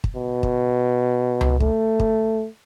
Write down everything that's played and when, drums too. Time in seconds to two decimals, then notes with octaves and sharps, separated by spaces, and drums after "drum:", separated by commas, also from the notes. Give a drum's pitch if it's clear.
0.04 drum: kick
0.16 B2
0.43 drum: kick
1.41 drum: tom C#2
1.60 A3, drum: kick
2.00 drum: kick